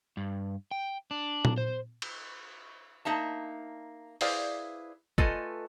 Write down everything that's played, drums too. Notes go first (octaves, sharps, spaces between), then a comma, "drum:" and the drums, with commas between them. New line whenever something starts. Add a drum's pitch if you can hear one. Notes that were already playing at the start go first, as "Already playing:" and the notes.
G2
G5
D4
drum: tom A#2
C5
drum: cymbal
A#3 D#4 E5 A5
E4 G#4 B4 C5 D5 F5, drum: open hi-hat
A3 F4 A4 B4 D#5 G#5, drum: kick